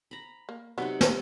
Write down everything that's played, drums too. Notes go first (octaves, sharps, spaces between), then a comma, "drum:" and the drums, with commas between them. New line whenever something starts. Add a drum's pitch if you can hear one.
A#5 B5
A#3
C3 F#3 B3 D#4 F#5
A#4 D5 D#5, drum: snare